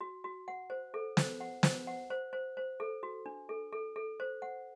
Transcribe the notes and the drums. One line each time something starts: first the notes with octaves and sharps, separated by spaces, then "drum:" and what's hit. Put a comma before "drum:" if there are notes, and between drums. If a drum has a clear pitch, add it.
F#4
F#4
F#5
C5
A4
C5, drum: snare
F#5
C5, drum: snare
F#5
C5
C5
C5
A4
F#4
D4
A4
A4
A4
C5
F#5